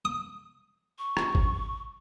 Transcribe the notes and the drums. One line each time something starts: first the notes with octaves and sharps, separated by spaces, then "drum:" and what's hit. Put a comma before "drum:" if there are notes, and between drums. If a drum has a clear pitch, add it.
D#6
C#6
drum: rim click
drum: kick G#1